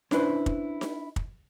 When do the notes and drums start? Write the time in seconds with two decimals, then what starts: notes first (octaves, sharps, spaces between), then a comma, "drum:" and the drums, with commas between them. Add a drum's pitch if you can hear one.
0.11 C#4 D4 E4 B4 C5, drum: snare D#4
0.46 drum: kick
0.81 drum: snare D#4
1.16 drum: kick